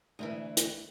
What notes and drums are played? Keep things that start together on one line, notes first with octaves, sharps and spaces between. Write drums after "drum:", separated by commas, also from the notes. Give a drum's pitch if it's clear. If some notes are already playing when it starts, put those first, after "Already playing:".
D2 B2 E3
drum: hi-hat